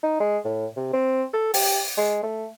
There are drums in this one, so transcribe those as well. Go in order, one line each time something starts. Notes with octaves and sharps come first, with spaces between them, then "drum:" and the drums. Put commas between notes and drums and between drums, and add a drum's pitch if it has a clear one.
D#4
G#3
A2
C3
C4
A4
G4, drum: open hi-hat
G#3
A3